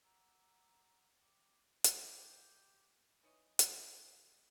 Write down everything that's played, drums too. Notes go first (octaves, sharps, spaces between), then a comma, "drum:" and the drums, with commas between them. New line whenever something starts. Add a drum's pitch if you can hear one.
F#5 A#5 D6 E6
G5 D6
drum: hi-hat
G4
E3 D#4 C#5 D#5
drum: hi-hat